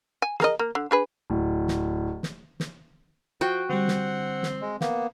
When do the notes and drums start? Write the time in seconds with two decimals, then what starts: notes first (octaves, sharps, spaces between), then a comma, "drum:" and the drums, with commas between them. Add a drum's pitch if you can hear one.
0.22 G#5
0.40 G#4 A#4 D#5, drum: snare
0.59 A#3
0.75 D3
0.91 D4 G#4 B4
1.30 D1
1.68 drum: snare
2.23 drum: snare
2.60 drum: snare
3.41 F3 F#4 G5
3.70 D3 G3 C4 F#5
3.88 drum: snare
4.43 drum: snare
4.61 G#3
4.81 A#3 B3, drum: snare